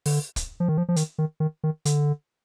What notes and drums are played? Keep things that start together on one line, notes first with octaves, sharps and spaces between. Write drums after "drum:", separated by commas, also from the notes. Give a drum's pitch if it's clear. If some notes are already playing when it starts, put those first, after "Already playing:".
D3, drum: open hi-hat
drum: kick, hi-hat
F3
D#3
F3
F3
D#3, drum: hi-hat
D#3
D#3
D#3
D3, drum: hi-hat